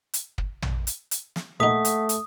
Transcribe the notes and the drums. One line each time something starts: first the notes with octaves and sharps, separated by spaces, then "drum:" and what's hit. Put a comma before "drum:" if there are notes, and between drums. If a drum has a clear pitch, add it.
drum: hi-hat
drum: kick
drum: tom
drum: hi-hat
drum: hi-hat
drum: snare
A#1 A3 D#4 F#5 D#6 B6
drum: hi-hat
drum: hi-hat